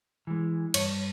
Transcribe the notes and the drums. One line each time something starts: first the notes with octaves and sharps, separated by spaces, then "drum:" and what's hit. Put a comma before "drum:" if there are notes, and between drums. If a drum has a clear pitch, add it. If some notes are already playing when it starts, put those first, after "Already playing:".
E3 G#3
G2 C#5, drum: cymbal